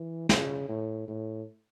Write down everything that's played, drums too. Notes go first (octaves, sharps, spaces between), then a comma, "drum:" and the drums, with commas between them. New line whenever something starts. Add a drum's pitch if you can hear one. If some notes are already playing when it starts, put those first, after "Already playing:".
Already playing: E3
C#3, drum: snare
A2
A2